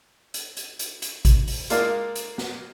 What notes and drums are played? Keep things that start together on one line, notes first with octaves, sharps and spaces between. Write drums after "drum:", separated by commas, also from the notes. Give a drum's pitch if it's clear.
drum: hi-hat
drum: hi-hat
drum: hi-hat
drum: hi-hat
drum: kick G#1, hi-hat
drum: open hi-hat
G#3 A#3 F4 A#4 D5 F5, drum: hi-hat
drum: hi-hat
drum: snare